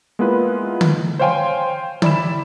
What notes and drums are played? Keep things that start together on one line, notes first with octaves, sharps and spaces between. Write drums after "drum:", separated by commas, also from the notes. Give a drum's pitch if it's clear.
G#3 A#3 B3 E4 F4 B4
drum: tom D3
C5 C#5 F5 G5 G#5 C6
E4 D5 B5 E7, drum: tom D3